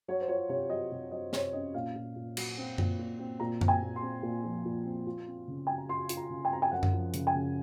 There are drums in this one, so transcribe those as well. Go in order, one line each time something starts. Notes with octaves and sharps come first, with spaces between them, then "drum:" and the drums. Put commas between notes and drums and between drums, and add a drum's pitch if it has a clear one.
F#3 C#5
C5
F4 C#5
C3 C#5
F#3 D#5
C3
F#3 D#5
C3 C#5, drum: snare
C#4 D#5
A#2 F5
A#2
A#2
F#3, drum: cymbal
C4
A#2, drum: tom F#2
A#2
C4
A#2 A#5
C4, drum: tom F#2
G#5
A#2
C6
C4
A#2
F3
A#2
C4
F4
C4
C#3
F#3 G#5
A#5
F4 C6
F4, drum: hi-hat
A#5
C#3
G#5
C4 A#5
G#5
F#2 F#5
drum: tom F#2
F3
C#3, drum: hi-hat
G#5
C#3